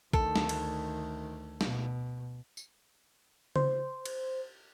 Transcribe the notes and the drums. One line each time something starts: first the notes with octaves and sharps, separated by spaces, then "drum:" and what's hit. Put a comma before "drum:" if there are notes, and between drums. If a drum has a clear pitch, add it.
D2 D#3 A4, drum: kick
drum: snare
drum: cymbal
B2, drum: snare
drum: tambourine
C5, drum: tom C#3
drum: cymbal